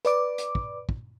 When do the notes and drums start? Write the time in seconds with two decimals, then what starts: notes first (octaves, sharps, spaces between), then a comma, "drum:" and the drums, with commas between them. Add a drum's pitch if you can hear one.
0.05 B4 D5 D6, drum: hi-hat
0.38 drum: hi-hat
0.55 drum: kick
0.89 drum: kick